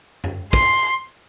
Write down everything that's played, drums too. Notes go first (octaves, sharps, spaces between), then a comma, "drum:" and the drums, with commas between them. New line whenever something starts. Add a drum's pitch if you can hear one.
drum: tom F#2
C6, drum: kick